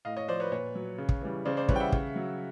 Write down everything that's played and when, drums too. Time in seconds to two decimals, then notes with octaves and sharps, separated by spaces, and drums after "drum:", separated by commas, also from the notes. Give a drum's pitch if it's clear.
0.05 A2 D#5 F5
0.17 C#5 D#5
0.28 F3 C5 D5
0.40 B4 C#5
0.52 A#2 B4 C#5
0.75 F#3
0.98 C#3
1.09 drum: kick
1.21 E3 G3
1.45 C#3 C5 D5
1.57 C5 D5
1.69 E3 G3 B4 C#5, drum: kick
1.76 G5
1.80 E5 F#5
1.92 C#3, drum: kick
2.16 F#3